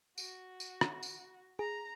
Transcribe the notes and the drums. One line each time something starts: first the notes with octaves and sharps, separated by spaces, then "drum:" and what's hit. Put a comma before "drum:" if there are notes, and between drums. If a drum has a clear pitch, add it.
F#4, drum: tambourine
drum: tambourine
drum: rim click
drum: tambourine
G#4 A#5